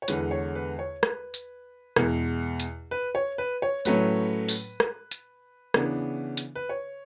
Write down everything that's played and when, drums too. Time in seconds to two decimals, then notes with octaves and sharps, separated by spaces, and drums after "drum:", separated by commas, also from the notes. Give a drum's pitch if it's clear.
0.02 C#5
0.08 E2 D3 G#3 B4, drum: hi-hat
0.31 C#5
0.55 B4
0.79 C#5
1.03 B4, drum: rim click
1.34 drum: hi-hat
1.96 E2 B2 G#3, drum: rim click
2.60 drum: hi-hat
2.91 B4
3.15 C#5
3.38 B4
3.62 C#5
3.85 A2 F#3 A3 C#4 B4, drum: hi-hat
4.49 drum: open hi-hat
4.80 drum: rim click
5.11 drum: hi-hat
5.74 C#3 E3 B3 D4, drum: rim click
6.37 drum: hi-hat
6.55 B4
6.69 C#5